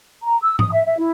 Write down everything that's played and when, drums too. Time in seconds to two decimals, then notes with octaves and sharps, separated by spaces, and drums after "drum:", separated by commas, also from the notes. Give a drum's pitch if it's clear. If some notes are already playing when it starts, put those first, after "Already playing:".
0.23 A#5
0.41 E6
0.59 D#6, drum: tom G#2
0.72 E5
0.85 E5
0.97 E4